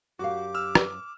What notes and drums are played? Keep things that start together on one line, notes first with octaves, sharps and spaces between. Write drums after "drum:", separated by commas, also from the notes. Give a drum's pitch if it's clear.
F#2 F#4 G4 F5 D6
E6 F6
drum: rim click